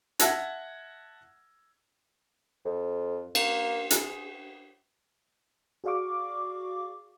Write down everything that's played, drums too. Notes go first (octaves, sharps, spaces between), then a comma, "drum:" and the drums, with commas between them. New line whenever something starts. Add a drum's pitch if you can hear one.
E5 F#5 A5 E6 G#6 A#6, drum: hi-hat
F2
A#3, drum: cymbal
G#4, drum: hi-hat
F#4 G#4 D5 F5 C#6 D6